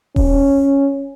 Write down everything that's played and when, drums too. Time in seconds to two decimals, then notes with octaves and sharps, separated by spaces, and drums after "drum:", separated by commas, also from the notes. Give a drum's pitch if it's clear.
0.16 C#4, drum: kick D#1